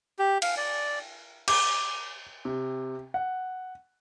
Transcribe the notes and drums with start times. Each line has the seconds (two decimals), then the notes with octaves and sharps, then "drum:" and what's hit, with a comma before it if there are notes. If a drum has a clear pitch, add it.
0.19 G4
0.42 F5, drum: cymbal
0.57 D5
1.48 D6, drum: cymbal
2.45 C3
3.14 F#5